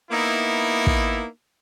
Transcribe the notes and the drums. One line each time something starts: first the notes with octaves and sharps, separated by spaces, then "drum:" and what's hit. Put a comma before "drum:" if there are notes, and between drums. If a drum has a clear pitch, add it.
A#3 B3 D#4 E4
drum: kick